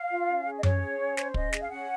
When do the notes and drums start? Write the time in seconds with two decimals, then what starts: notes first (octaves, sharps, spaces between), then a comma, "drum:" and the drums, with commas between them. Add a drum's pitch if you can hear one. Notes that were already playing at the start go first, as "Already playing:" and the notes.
Already playing: F5
0.10 F4
0.27 C#4
0.45 G#4
0.57 D#5
0.63 C#4 C#5, drum: tom F#2
0.81 G#4
0.99 C#4
1.17 C5, drum: snare
1.34 C#4 D#5, drum: kick
1.53 G#4, drum: snare
1.62 F5
1.70 C#4 F#5